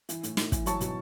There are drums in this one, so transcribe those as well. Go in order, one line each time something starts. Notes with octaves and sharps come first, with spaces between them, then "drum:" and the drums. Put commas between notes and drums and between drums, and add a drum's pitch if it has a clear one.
E3, drum: hi-hat
A2, drum: hi-hat
A2, drum: snare
E3, drum: kick, hi-hat
F#3 A5 C#6, drum: hi-hat
B2, drum: hi-hat